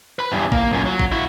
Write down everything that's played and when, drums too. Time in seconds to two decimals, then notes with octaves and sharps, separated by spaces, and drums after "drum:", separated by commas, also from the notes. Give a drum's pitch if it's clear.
0.19 B4 B5
0.32 E2 G2
0.52 A#3, drum: kick A1
0.73 F#2 A#2
0.85 F#3
0.99 drum: kick A1
1.12 E4 F#4